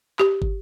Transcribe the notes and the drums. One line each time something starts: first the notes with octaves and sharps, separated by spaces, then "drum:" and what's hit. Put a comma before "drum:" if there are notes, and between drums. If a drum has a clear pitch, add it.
G4, drum: clap
drum: kick